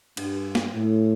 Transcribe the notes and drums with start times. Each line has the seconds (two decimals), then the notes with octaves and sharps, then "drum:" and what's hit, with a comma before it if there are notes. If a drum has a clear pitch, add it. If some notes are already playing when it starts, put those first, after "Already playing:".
0.17 G2, drum: cymbal
0.55 drum: snare
0.73 A2